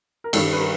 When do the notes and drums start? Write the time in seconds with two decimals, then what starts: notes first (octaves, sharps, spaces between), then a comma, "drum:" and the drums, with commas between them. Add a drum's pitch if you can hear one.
0.24 A#4
0.33 G2 D#3 G3 A4, drum: cymbal
0.53 B4
0.60 A#4